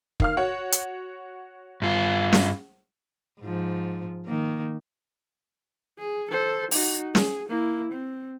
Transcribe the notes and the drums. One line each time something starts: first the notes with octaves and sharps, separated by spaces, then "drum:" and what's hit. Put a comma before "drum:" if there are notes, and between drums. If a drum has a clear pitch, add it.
D#3 F5 F6, drum: kick
F#4 C#5 F#5
drum: hi-hat
G2 F4
drum: snare
G#2 F3
D#3 A#3
G#4
A4 C5
D#4 F#4, drum: open hi-hat
G#4, drum: snare
A#3 E4
C4